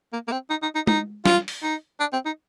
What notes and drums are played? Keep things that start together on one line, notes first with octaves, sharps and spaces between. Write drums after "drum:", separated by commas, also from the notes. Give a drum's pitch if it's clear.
A#3
A#3
C4
D#4
D#4
D#4
D#4, drum: tom
F4, drum: snare
drum: open hi-hat
D#4
D4
C4
D#4